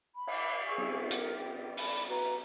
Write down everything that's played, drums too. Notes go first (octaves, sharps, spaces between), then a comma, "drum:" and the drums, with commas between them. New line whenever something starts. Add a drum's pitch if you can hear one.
B5
drum: cymbal
G#4 G#5 C#6 E6
drum: cymbal
A#4 F#5, drum: hi-hat
G5
D5 A5 B5, drum: open hi-hat
F#4 B4 A#5